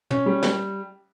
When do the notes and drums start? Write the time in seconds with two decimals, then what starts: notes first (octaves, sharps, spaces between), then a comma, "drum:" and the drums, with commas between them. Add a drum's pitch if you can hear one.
0.11 C#4, drum: tom
0.26 G3
0.43 G3, drum: snare